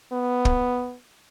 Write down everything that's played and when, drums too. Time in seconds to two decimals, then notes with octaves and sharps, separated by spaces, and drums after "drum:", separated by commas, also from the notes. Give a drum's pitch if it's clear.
0.12 B3
0.45 drum: kick